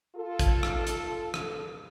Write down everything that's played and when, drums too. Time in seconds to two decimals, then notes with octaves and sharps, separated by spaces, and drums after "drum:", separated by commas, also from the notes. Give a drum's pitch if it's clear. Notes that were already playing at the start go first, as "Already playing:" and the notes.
0.16 F4 A4
0.39 drum: kick, hi-hat
0.63 drum: rim click
0.87 drum: hi-hat
1.34 drum: rim click